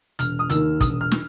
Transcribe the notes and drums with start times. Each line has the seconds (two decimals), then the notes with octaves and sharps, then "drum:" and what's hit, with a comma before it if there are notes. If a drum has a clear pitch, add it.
0.19 E1 F6, drum: hi-hat
0.39 D#6
0.50 D#2 D#3 E6, drum: hi-hat
0.80 E1 D#6, drum: kick, hi-hat
1.01 F6
1.12 drum: snare